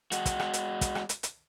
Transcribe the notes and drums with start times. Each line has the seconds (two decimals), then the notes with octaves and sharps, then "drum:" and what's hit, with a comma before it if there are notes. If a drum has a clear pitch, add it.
0.12 G#3 F#4, drum: hi-hat
0.26 drum: kick, hi-hat
0.39 drum: rim click
0.53 drum: hi-hat
0.81 drum: kick, hi-hat
0.95 drum: rim click
1.09 drum: hi-hat
1.23 drum: hi-hat